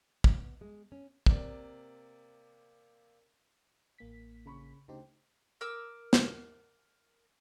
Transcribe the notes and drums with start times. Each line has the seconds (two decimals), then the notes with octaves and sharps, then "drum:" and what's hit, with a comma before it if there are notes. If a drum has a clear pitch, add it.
0.24 B3, drum: kick
0.61 G#3
0.92 C#4
1.26 C3 A#3 D5, drum: kick
3.98 A1 A#3 B6
4.45 C#3 B5 C#6
4.88 D2 C#3 D#4 G4 C5
5.61 A#4 D6 E6
6.13 drum: snare